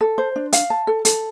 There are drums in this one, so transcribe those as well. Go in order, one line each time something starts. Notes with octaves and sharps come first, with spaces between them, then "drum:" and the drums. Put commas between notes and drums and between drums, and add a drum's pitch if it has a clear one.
A4
C5
D4
F5, drum: hi-hat
A5
A4
A4, drum: hi-hat